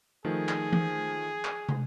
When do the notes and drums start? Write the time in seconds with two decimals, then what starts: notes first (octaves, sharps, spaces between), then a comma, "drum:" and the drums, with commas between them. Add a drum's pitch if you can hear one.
0.25 D#3 F3 A3 G#4
0.49 drum: clap
0.73 drum: tom E3
1.45 drum: clap
1.69 drum: tom